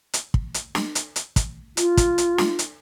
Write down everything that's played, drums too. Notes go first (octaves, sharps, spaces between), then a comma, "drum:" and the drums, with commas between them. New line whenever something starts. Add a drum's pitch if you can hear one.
drum: hi-hat
drum: kick
drum: hi-hat
drum: snare
drum: hi-hat
drum: hi-hat
drum: kick, hi-hat
F4, drum: hi-hat
drum: kick, hi-hat
drum: hi-hat
drum: snare
drum: hi-hat